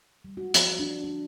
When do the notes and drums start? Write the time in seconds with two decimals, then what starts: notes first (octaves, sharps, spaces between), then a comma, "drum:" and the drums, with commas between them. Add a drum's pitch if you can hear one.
0.25 G3
0.37 F#4
0.54 F3, drum: hi-hat
0.79 D4
1.04 D4